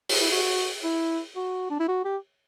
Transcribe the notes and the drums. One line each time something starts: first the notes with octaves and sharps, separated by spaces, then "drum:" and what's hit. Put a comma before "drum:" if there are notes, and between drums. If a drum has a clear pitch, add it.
drum: open hi-hat
E4
F#4
E4
F#4
D4
E4
F#4
G4